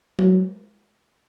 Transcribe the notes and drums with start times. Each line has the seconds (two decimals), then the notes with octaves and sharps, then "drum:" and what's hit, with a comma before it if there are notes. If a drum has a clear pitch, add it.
0.19 F#3, drum: tom G#3